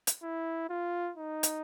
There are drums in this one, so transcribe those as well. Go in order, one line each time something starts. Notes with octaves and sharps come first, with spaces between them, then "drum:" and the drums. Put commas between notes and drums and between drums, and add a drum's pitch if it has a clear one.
drum: hi-hat
E4
F4
D#4
drum: hi-hat